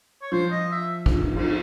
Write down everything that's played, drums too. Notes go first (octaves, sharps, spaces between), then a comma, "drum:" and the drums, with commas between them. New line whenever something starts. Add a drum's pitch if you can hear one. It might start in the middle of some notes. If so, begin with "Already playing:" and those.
C#5
F3 C5
D#5
E5
drum: kick, cymbal
drum: cymbal